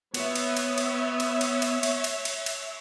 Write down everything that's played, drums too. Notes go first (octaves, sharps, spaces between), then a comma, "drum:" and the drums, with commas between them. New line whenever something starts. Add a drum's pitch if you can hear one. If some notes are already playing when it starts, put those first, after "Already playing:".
B3 C#5 E5, drum: cymbal
drum: cymbal
drum: cymbal
drum: cymbal
drum: cymbal
drum: cymbal
drum: cymbal
drum: cymbal
drum: cymbal
drum: cymbal
drum: cymbal